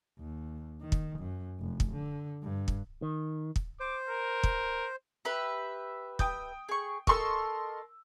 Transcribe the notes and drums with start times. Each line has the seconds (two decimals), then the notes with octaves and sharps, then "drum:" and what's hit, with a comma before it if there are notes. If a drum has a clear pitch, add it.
0.19 D#2
0.81 D#3
0.92 drum: kick
1.19 F#2
1.60 F1
1.80 drum: kick
1.92 D3
2.43 G2
2.68 drum: kick
3.02 D#3
3.56 drum: kick
3.80 C5 D6
4.09 A#4
4.44 drum: kick
5.25 G4 B4 E5
6.19 G5 D#6 G6, drum: kick
6.69 G#4 C#6
7.07 A4 A#4 D#5 C6 C#6 E6, drum: kick